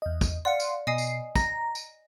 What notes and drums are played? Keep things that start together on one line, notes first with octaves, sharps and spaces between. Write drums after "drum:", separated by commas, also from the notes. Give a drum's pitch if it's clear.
E2 D#5
drum: kick, tambourine
D5 F5 F#5 C6 C#7
drum: tambourine
B2 D#5 G#5 D#6 C7
drum: tambourine
A#5 A#6, drum: kick, tambourine
drum: tambourine